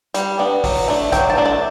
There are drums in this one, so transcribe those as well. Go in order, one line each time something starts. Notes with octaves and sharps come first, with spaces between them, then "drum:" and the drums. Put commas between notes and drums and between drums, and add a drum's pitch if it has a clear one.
G3, drum: hi-hat
B3 D4
F#3, drum: kick, open hi-hat
A3 D4
F#3 G5, drum: kick, hi-hat
A5
A3 D4
A5